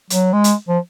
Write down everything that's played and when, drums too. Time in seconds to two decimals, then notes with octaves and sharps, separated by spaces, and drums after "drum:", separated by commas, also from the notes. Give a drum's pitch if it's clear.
0.10 F#3, drum: hi-hat
0.33 G#3
0.44 drum: hi-hat
0.68 F3